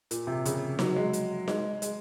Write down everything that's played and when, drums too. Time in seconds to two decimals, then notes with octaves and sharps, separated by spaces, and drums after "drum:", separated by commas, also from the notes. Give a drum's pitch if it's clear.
0.11 A#2, drum: hi-hat
0.27 C3
0.45 C#3, drum: hi-hat
0.79 F#3, drum: snare D#4
0.96 G#3
1.13 drum: hi-hat
1.48 G#3, drum: snare D#4
1.82 G#3, drum: hi-hat